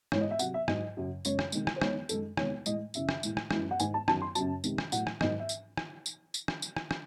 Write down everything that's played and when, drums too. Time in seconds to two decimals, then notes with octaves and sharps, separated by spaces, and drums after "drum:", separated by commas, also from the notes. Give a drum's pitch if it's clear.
0.12 G#2 E3 G#3 C#5, drum: rim click
0.21 D#5
0.31 E5
0.39 C3 F#3 F#5, drum: tambourine
0.54 E5
0.68 G#2 F#3 D#5, drum: rim click
0.97 F#2 C#3 F#3
1.25 F#2 C#3 G#3 C#5, drum: tambourine
1.39 drum: rim click
1.52 C3 D#3 G#3, drum: tambourine
1.67 drum: rim click
1.76 C5
1.82 E2 D#3 G#3 C#5, drum: rim click
2.09 F#2 D#3 G#3 A4, drum: tambourine
2.37 E2 C3 D#3 G#3 C#5, drum: rim click
2.66 A2 E3 G#3 D#5, drum: tambourine
2.94 F#2 C#3 E3 E5, drum: tambourine
3.09 drum: rim click
3.23 A2 E3 G#3, drum: tambourine
3.37 drum: rim click
3.51 F#2 E3 G#3, drum: rim click
3.71 F#5
3.80 G#2 D#3 G#3 G#5, drum: tambourine
3.94 A5
4.08 F#2 D#3 F#3 A5, drum: rim click
4.22 C6
4.35 F#2 C#3 F#3 A5, drum: tambourine
4.64 C3 D#3 G#3, drum: tambourine
4.78 drum: rim click
4.92 A2 F#3 F#5, drum: tambourine
5.07 drum: rim click
5.21 G#2 D#3 F#3 D#5, drum: rim click
5.40 E5
5.49 drum: tambourine
5.77 drum: rim click
6.06 drum: tambourine
6.34 drum: tambourine
6.48 drum: rim click
6.62 drum: tambourine
6.77 drum: rim click
6.91 drum: rim click